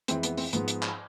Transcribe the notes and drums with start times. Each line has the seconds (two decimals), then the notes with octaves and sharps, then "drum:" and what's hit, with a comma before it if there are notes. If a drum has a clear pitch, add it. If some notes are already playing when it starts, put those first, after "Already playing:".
0.08 F2 E3 G#3 C4, drum: hi-hat
0.23 B3, drum: hi-hat
0.37 C4, drum: open hi-hat
0.53 G#2 F3 G#3 B3, drum: hi-hat
0.68 drum: hi-hat
0.83 drum: clap